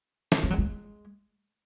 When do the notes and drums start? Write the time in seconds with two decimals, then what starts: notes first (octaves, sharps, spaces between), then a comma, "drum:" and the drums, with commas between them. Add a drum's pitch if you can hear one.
0.32 drum: snare
0.43 G#3
0.50 F#3
0.58 G#3